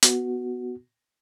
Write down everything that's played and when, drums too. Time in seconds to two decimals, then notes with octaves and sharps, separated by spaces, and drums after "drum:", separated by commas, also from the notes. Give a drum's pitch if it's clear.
0.03 B3 F#4, drum: hi-hat